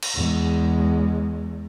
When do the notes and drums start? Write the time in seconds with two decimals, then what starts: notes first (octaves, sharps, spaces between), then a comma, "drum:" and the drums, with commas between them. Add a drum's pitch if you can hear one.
0.02 drum: cymbal
0.15 E2 G#3